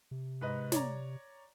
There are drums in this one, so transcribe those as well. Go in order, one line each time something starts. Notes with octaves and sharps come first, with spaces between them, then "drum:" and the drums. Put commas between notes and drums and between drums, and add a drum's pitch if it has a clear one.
C3
G#2 B4 D#5
C#5 D5 A#5, drum: snare